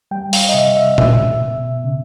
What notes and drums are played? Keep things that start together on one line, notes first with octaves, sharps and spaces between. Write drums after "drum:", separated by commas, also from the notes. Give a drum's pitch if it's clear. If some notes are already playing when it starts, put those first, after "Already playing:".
G3 G5
F5, drum: open hi-hat
D#5
C3 E5
E5
B2 E5, drum: tom A#2
B2
C#3